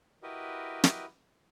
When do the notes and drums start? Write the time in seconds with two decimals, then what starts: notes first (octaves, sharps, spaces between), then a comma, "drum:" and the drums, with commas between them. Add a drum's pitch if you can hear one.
0.23 E4 F#4 G4 A#4 B4 D#5
0.84 drum: snare